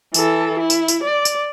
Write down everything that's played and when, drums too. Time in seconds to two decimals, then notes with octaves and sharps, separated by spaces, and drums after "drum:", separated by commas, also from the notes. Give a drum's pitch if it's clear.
0.14 E3 A4, drum: tambourine
0.60 E4
0.70 drum: tambourine
0.88 drum: tambourine
1.03 D5
1.25 drum: tambourine